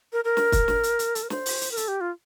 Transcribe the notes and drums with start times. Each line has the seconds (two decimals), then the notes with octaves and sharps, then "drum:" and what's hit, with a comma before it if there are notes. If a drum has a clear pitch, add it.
0.13 A#4
0.24 A#4
0.37 drum: snare
0.52 drum: kick, hi-hat
0.68 drum: snare
0.83 drum: hi-hat
0.99 drum: hi-hat
1.15 A4, drum: hi-hat
1.23 A#4
1.30 C5, drum: snare
1.46 drum: open hi-hat
1.61 drum: hi-hat
1.71 A#4
1.77 A4, drum: hi-hat
1.88 G4
2.01 F4